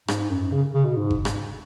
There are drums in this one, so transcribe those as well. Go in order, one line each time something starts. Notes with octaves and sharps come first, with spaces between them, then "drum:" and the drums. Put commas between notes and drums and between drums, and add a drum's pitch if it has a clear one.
G#2, drum: rim click
F#2
C#3
C#3
B2
G#2
drum: kick G1
drum: rim click